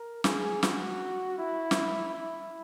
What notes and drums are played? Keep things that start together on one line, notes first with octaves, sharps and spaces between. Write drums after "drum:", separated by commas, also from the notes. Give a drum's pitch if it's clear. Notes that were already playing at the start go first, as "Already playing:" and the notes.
Already playing: A#4
G#4, drum: snare
F#4, drum: snare
E4
drum: snare
E4